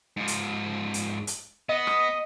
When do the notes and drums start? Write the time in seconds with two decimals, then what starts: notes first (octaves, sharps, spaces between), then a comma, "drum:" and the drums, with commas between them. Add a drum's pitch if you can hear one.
0.17 G#2 F3
0.28 drum: hi-hat
0.94 drum: hi-hat
1.27 drum: hi-hat
1.69 B3 D#5
1.87 drum: rim click